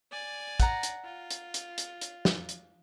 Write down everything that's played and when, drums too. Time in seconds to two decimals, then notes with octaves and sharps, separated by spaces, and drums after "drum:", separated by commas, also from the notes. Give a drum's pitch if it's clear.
0.11 D5 G#5
0.60 F#5 A#5, drum: kick, hi-hat
0.83 drum: hi-hat
1.04 F4
1.31 drum: hi-hat
1.54 drum: hi-hat
1.78 drum: hi-hat
2.01 drum: hi-hat
2.25 drum: snare
2.49 drum: hi-hat